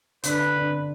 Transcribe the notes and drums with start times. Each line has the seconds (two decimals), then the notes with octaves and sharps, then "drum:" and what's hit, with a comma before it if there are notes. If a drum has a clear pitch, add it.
0.24 D3 B4, drum: hi-hat
0.56 D3